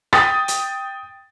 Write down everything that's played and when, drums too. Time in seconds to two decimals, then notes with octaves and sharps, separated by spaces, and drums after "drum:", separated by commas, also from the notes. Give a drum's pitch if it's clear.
0.13 G5 D#6 A6, drum: rim click
0.48 drum: hi-hat